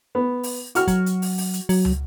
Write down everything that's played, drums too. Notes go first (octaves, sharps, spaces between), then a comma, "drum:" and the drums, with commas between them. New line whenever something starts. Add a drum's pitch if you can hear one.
B3
drum: open hi-hat
F#4 F6, drum: hi-hat
F#3, drum: kick, hi-hat
drum: hi-hat
drum: open hi-hat
drum: open hi-hat
drum: hi-hat
F#3, drum: open hi-hat
drum: tom